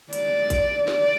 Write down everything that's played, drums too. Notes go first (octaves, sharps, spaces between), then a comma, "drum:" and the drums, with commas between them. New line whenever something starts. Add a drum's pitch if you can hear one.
D5, drum: hi-hat
drum: kick A1, hi-hat
D5, drum: snare